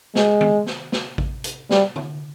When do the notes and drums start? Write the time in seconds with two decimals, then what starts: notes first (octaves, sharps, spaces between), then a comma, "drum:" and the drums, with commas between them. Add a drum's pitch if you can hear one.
0.15 G#3, drum: snare
0.41 drum: tom D#3
0.67 drum: snare
0.92 drum: snare
1.18 drum: kick A1
1.44 drum: hi-hat
1.70 G3, drum: snare
1.96 drum: tom